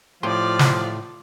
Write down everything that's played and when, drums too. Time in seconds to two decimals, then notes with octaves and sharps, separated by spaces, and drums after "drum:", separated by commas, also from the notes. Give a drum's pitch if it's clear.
0.23 A2 F3 F4 G4 D5 C6
0.59 drum: snare